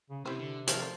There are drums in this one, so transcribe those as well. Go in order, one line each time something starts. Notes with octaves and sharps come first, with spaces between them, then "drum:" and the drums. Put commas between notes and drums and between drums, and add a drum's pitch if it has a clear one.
C#3
C3 C4 C#4 E4 G4 C5
D3
F3 A#4 C#5 E5 G5, drum: hi-hat
A3 D5